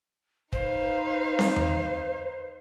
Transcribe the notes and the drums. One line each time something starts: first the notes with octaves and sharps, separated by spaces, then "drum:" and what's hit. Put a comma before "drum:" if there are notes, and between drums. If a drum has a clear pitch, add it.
D#4 B4 C5 F5, drum: kick
drum: snare C4
drum: tom E2